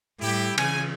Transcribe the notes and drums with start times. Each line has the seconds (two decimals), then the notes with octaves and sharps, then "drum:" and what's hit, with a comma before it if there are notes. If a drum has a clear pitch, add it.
0.21 A2 G3 E4 G4
0.58 C#3 E3 G#5, drum: cymbal